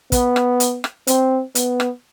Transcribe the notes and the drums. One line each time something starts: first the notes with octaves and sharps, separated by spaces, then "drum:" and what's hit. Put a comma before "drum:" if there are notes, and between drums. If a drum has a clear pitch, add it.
B3, drum: kick, hi-hat
drum: rim click
drum: hi-hat
drum: rim click
C4, drum: hi-hat
B3, drum: hi-hat
drum: rim click